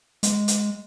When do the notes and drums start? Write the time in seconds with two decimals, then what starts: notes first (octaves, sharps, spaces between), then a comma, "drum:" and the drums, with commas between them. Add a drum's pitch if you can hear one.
0.23 G#3, drum: hi-hat
0.48 drum: hi-hat